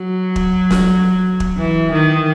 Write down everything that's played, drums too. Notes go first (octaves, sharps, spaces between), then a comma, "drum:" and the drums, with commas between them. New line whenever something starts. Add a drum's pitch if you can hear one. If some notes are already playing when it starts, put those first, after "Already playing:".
Already playing: F#3
drum: kick
drum: snare
drum: kick
E3
D#3